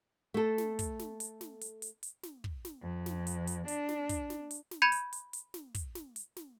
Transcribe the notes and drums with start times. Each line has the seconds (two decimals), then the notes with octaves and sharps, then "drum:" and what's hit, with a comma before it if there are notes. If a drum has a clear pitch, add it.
0.34 A3 A4
0.58 drum: snare
0.79 drum: kick, hi-hat
0.99 drum: snare
1.20 drum: hi-hat
1.41 drum: snare
1.61 drum: hi-hat
1.82 drum: hi-hat
2.03 drum: hi-hat
2.23 drum: snare
2.44 drum: kick
2.65 drum: snare
2.82 F2
3.06 drum: snare
3.27 drum: hi-hat
3.47 drum: hi-hat
3.68 D4, drum: hi-hat
3.89 drum: snare
4.09 drum: kick, hi-hat
4.30 drum: snare
4.51 drum: hi-hat
4.71 drum: snare
4.82 B5 G6 G#6 C#7 D#7 E7
4.92 drum: hi-hat
5.13 drum: hi-hat
5.33 drum: hi-hat
5.54 drum: snare
5.75 drum: kick, hi-hat
5.95 drum: snare
6.16 drum: hi-hat
6.36 drum: snare